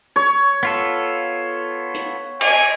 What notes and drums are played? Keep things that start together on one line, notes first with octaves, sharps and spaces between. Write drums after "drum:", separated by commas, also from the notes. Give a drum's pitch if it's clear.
C#5
B3 F4 A4
drum: hi-hat
G#5, drum: cymbal